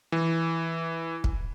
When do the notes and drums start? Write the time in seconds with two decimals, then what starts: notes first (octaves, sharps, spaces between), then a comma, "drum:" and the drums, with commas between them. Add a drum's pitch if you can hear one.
0.12 E3
1.24 drum: kick